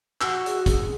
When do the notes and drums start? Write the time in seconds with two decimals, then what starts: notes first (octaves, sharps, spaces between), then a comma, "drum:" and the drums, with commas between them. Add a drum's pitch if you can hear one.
0.21 F#4 E6, drum: clap
0.46 G#4, drum: hi-hat
0.66 drum: kick, hi-hat